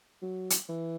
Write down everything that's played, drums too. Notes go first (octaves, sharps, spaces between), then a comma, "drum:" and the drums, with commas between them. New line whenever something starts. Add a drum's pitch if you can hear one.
F#3
drum: hi-hat
E3